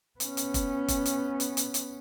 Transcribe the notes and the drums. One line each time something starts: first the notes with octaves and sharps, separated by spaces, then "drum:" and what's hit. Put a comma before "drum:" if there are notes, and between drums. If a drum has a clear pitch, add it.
B3 C#4, drum: hi-hat
drum: hi-hat
drum: kick, hi-hat
drum: kick, hi-hat
drum: hi-hat
drum: hi-hat
drum: hi-hat
drum: hi-hat